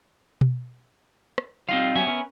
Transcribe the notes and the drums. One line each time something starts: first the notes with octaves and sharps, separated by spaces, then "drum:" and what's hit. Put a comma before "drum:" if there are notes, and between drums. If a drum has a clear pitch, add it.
drum: tom B2
drum: rim click
G3 C4 D#4 F4 F5
F#3 G3 B3 C#4 E5
C#4 A#4 B4